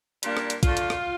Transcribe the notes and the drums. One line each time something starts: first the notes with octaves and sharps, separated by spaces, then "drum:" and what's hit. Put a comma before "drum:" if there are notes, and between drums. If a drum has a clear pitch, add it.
A#2 G3 A#3 D4, drum: hi-hat
drum: rim click
drum: hi-hat
D3 A3 D4 F4, drum: kick, hi-hat
drum: hi-hat
drum: rim click